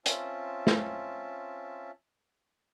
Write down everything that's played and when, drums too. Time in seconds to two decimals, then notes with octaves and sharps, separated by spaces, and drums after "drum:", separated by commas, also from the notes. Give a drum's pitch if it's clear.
0.06 C4 C#4 F4 E5 A5, drum: hi-hat
0.67 drum: snare